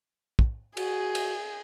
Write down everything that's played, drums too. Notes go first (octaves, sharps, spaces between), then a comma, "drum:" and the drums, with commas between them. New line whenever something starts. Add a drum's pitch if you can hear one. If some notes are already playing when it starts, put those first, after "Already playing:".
drum: kick
F#4 G#4, drum: cymbal
drum: cymbal